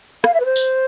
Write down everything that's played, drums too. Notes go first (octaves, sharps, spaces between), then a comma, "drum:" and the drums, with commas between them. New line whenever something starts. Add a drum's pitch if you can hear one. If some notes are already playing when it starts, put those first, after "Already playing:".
F5, drum: rim click
E5
B4
C5
drum: tambourine